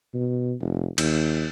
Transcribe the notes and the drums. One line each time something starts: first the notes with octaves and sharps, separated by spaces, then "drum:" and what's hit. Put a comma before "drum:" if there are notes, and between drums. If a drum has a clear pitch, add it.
B2
F1
D#2, drum: cymbal